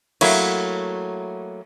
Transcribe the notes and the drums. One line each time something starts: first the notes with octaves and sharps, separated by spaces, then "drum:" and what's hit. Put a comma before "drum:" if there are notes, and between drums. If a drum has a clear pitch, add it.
F#3 A3 A#3 E4 C#5, drum: cymbal